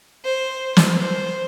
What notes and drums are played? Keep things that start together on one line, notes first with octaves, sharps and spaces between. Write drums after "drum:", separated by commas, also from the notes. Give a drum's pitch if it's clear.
C5
drum: snare
C5